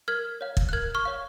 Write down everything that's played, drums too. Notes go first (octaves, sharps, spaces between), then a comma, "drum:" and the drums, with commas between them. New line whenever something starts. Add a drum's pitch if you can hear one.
A#4 F6 G#6
C#5 F5
drum: kick
F#6
A#4 F6 G#6
C#6 F6
C#5 F5